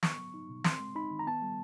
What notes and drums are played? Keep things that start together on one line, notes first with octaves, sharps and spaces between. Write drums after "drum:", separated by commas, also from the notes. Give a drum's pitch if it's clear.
B3 C#6, drum: snare
F#3
D#4
B2
C4 C6, drum: snare
G#3
D#4 B5
D#3
A#5
B3 A5
G3